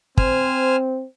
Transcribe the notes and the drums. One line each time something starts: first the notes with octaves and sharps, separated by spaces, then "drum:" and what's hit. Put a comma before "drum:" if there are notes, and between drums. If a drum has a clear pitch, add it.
C4 C5 G#5 F6, drum: kick